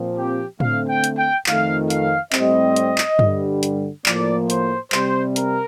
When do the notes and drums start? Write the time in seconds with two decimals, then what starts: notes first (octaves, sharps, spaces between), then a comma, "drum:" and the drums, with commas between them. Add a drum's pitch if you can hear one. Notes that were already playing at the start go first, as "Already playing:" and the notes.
Already playing: A#2 F3 C4
0.17 G4
0.60 D3 A3 C4 F5, drum: tom A2
0.89 G5
1.04 drum: hi-hat
1.17 G5
1.46 F2 D#3 A3 F5, drum: clap
1.90 F5, drum: hi-hat
2.33 A2 G3 C4 D#5, drum: clap
2.76 drum: hi-hat
2.98 drum: clap
3.19 G2 D3 G3, drum: tom G2
3.63 drum: hi-hat
4.06 A2 F3 A#3 D5, drum: clap
4.50 C5, drum: hi-hat
4.92 C3 G3 C4 C5, drum: clap
5.36 A#4, drum: hi-hat